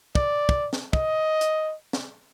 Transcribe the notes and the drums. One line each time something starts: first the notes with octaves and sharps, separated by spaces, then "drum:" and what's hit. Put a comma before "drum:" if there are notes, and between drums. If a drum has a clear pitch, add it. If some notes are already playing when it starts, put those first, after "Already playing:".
D5, drum: kick
drum: kick
drum: snare
D#5, drum: kick
drum: hi-hat
drum: snare